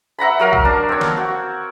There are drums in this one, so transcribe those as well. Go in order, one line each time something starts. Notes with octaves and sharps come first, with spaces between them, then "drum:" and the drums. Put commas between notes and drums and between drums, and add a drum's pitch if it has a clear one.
E5 F#5 A#5 B5
F#3 A#4 F5
drum: kick
D4
C4 C#5
drum: snare
F#4